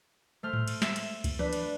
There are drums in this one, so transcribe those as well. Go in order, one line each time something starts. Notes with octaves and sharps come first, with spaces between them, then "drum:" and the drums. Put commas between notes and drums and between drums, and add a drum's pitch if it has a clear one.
A3 C5 F6
drum: tom A2
drum: cymbal
E5, drum: snare
drum: cymbal
drum: kick, cymbal
D4 B4, drum: tom E3
drum: cymbal